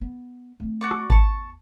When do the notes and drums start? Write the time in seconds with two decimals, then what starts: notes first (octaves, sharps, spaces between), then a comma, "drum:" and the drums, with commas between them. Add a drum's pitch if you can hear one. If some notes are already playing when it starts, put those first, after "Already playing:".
0.01 B3
0.60 A3 C4
0.81 F#4 D5 C#6
0.91 drum: rim click
1.10 E2 A5 C#6, drum: kick G#1